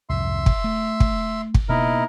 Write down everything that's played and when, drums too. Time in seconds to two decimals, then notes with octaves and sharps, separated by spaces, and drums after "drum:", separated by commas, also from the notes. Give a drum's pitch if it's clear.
0.09 C2 F2 G#2 E5 C6
0.46 drum: kick
0.64 A3
1.00 drum: kick
1.54 drum: kick
1.69 B2 A#3 D#4 E4 A#4